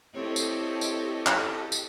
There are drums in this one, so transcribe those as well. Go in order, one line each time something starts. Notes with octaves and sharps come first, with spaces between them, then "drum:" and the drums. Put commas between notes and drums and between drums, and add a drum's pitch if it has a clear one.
C4 E4 G4 A4 C#5 D#5
drum: tambourine
drum: tambourine
drum: clap
drum: tambourine